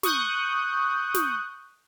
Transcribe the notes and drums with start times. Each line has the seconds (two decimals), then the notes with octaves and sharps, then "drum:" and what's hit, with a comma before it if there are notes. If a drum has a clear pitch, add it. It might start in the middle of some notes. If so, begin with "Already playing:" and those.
0.03 C#6 D#6 F#6 G6, drum: snare
1.14 drum: snare